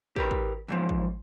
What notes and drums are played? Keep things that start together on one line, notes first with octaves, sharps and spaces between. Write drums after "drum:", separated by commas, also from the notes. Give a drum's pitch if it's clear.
G4 A#4 B4, drum: kick
drum: kick
E2 G#2 F3
drum: kick